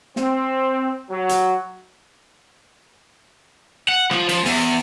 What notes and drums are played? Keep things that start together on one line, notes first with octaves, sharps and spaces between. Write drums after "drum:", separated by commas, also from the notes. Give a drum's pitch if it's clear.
C4, drum: snare
F#3
drum: hi-hat
F#5
F3, drum: rim click
F3, drum: cymbal
E2, drum: open hi-hat